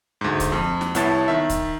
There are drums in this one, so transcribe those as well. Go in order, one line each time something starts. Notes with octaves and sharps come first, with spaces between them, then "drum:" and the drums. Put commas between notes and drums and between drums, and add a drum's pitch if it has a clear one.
D2 G#2
drum: kick C#1, hi-hat
F2
drum: snare
C2 B3 E4 C#5 A5 A6, drum: hi-hat
D#3 E5
drum: kick C#1, hi-hat